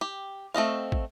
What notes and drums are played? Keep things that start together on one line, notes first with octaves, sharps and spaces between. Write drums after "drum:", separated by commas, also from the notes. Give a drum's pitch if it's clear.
G4
A3 C4 D#5 F5
drum: kick